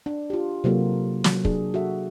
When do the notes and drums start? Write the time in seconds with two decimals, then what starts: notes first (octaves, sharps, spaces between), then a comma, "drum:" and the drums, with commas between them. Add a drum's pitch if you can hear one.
0.06 D4
0.30 F4 G4
0.64 C3 F#3 A#3 F4 F#4 A4
1.24 F#3, drum: snare
1.45 D4 G#4, drum: kick
1.74 F#4 A4 E5